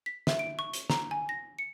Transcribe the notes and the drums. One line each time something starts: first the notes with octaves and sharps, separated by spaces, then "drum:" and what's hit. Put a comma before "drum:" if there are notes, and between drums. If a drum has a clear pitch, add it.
B6
E5, drum: snare
D7
C#6
G7, drum: hi-hat
A#5, drum: snare
G#5
A#6
C#7